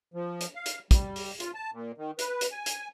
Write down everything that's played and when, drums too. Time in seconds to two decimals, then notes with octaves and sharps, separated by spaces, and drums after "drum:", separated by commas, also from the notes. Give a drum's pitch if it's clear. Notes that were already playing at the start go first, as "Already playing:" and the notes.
0.14 F3
0.41 drum: hi-hat
0.55 F5
0.66 drum: hi-hat
0.91 G3, drum: kick, hi-hat
1.16 drum: open hi-hat
1.40 F4, drum: hi-hat
1.54 A5
1.73 A#2
1.98 D#3
2.19 B4, drum: hi-hat
2.41 drum: hi-hat
2.52 G#5
2.66 drum: hi-hat